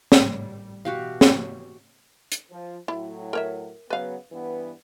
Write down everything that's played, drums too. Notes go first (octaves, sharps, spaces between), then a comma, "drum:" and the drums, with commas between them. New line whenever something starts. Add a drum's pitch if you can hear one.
G#1 A2 G3, drum: snare
B2 E3 F#4 G4 F5
drum: snare
drum: hi-hat
F3
A2 F#3 E4
A#4 C#5 E5
C#3 F#3 B3 B4 F5
G2 E3 B3